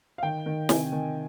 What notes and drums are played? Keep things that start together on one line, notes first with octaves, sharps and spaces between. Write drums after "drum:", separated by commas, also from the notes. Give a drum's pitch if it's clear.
F5
D#3 G5
D#3
C3 G#5, drum: snare
D#3